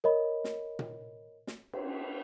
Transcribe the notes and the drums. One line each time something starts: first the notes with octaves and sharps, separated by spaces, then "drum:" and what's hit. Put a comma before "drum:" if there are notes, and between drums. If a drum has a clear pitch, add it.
A#4 C#5 D#5 B5
drum: snare
drum: tom A#2
drum: snare
drum: cymbal